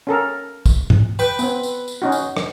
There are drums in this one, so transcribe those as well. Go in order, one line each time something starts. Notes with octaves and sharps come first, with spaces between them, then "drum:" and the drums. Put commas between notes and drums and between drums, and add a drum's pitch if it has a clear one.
C#4 A4 A#4
drum: kick, tambourine
drum: tom G#2
B4 G5
B3 C4, drum: tambourine
drum: tambourine
drum: tambourine
C#4 D#4 F#4
drum: tambourine
drum: rim click